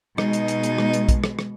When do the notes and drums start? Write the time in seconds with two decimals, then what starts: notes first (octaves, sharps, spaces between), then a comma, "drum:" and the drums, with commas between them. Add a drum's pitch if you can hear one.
0.18 B2 G#3 D#4, drum: rim click
0.33 drum: hi-hat
0.48 drum: hi-hat
0.63 drum: hi-hat
0.78 drum: rim click
0.93 drum: hi-hat
1.09 drum: kick, hi-hat
1.24 drum: rim click
1.39 drum: rim click